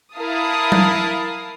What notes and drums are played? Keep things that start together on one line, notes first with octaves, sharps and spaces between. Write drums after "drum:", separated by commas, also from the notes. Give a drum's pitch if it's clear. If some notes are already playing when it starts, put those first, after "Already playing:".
E4 A#4 F5 A5 D#6
drum: tom F#3